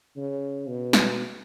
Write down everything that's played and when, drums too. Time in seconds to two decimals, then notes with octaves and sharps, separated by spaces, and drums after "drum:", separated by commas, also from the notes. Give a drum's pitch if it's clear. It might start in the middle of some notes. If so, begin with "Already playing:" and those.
0.17 C#3
0.68 B2
0.93 drum: snare